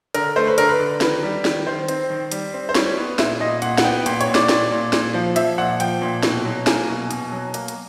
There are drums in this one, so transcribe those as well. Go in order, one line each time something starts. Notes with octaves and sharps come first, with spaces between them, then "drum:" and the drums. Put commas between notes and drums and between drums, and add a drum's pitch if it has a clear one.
D3 A#4, drum: hi-hat
A3 C5
B4
D3 A#4, drum: hi-hat
B4
D3
D#3 B4, drum: snare
G3
D#3, drum: snare
D#3 C5
C4, drum: hi-hat
D#3
G3, drum: hi-hat
C4
C5
G3 C#5, drum: snare
B3
A#2 E5, drum: snare
A#2 D#5
A#2 F#5, drum: hi-hat
F#5, drum: snare
B3 G5
A#2 G5, drum: hi-hat
C#5, drum: hi-hat
A#2
D5, drum: snare
A#2, drum: snare
A#2
A#2, drum: snare
F3
F3 E5, drum: hi-hat
A#2 F#5
F3 G5, drum: hi-hat
A#2
B2, drum: snare
F#3
A#3 G#5, drum: snare
B2
B2, drum: hi-hat
F#3
A#3, drum: hi-hat
drum: hi-hat